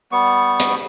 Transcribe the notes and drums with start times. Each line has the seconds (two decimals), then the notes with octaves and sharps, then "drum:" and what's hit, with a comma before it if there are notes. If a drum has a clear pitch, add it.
0.12 G3 B3 C#6
0.60 drum: hi-hat